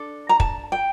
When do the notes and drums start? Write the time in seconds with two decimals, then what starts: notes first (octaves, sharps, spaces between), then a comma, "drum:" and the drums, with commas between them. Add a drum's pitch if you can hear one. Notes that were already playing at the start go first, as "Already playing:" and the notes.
Already playing: D4 A4
0.29 A#5
0.40 A5, drum: kick
0.72 G5